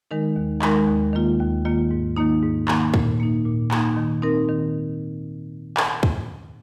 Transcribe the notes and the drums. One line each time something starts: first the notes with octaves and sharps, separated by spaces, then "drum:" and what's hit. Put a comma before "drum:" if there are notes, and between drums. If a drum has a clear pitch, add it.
D#3 G#3 D#4 A#4
D#2
D#3 G#3 D#4 A#4, drum: clap
D#2
D#3 A#3 F4
D#2
D#3 A#3 F4
G#2
D#3 A#3 D#4
G#2
D#3 A#3 D#4, drum: clap
A#2, drum: kick
A#3 D#4
A#2
A#3 D#4, drum: clap
D#3
C4 D#4 A#4
D#3
drum: clap
drum: kick